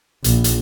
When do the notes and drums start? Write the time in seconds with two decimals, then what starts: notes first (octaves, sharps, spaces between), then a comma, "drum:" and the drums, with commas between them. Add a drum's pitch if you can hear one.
0.24 A#1, drum: hi-hat
0.44 drum: hi-hat